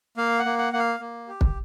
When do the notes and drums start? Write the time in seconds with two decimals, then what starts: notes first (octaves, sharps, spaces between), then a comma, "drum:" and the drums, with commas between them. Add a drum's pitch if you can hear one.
0.17 A#3 F5
0.39 F#5
0.45 A#3
0.58 F#5
0.73 A#3 F#5
0.79 F5
1.00 A#3
1.28 G4
1.41 drum: kick